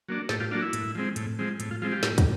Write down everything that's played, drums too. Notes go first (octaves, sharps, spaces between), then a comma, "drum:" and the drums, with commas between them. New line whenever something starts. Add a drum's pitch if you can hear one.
F#3 A#3 D4
A2 G4 A4, drum: snare
F4 G4
F#3 A#3 D4 F4
E4
A2, drum: hi-hat
F3 G#3 C4
A2, drum: hi-hat
F3 G#3 C4
A2, drum: hi-hat
F4
F3 G#3 C4 F4
F4 G4
A2, drum: snare
drum: kick, hi-hat